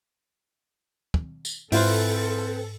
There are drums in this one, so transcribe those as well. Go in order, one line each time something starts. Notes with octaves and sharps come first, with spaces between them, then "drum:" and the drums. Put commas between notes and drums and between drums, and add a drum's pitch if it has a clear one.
drum: kick
drum: tambourine
G#2 C4 E4 F4 A4 B4 C5, drum: open hi-hat